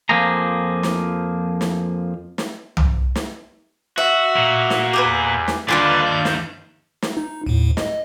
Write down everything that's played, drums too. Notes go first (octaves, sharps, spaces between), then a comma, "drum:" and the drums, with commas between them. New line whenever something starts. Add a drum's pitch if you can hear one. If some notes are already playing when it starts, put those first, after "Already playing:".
F2 F3 A#3 G4 G#4 A#5
drum: snare
drum: snare
drum: snare
drum: tom C2
drum: snare
F#4 E5
A#2
drum: snare
E2 G4 G#4 B4
drum: snare
D#2 D3 G3 D4 F4 G#4 B4 D5
G2 G6
drum: snare
drum: snare
D#4
D#2 A2
D#5, drum: snare